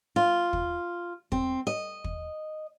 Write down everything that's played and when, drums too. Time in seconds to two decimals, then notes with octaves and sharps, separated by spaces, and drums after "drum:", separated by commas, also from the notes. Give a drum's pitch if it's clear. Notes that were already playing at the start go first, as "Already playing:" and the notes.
0.16 F4
0.53 drum: kick
1.32 C4, drum: kick
1.67 D#5
2.05 drum: kick